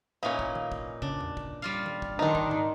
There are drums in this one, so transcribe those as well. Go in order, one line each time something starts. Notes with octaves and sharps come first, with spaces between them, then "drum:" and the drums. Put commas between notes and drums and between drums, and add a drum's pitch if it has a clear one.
A#2 E3 C#4 D#4 F5
drum: kick
drum: tom D#3
drum: kick
C#3 D4, drum: kick
drum: tom E2
drum: kick
G3 F4 F5
drum: tom D#3
drum: kick
D#3 D4 D#4 C6
drum: kick
drum: tom G2